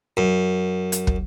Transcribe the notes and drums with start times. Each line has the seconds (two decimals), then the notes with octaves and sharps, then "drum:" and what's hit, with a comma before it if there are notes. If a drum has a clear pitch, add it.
0.17 F#2
0.92 drum: hi-hat
1.07 drum: kick